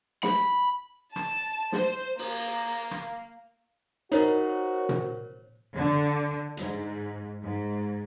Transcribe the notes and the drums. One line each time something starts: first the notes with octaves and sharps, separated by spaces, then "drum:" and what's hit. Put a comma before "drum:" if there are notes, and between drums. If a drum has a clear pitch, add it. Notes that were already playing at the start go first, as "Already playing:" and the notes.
B5, drum: snare
A5, drum: rim click
C5, drum: snare
A#3, drum: open hi-hat
drum: rim click
D#4 F#4 A#4 C5 C#5, drum: hi-hat
drum: tom A#2
D3
G#2, drum: hi-hat
G#2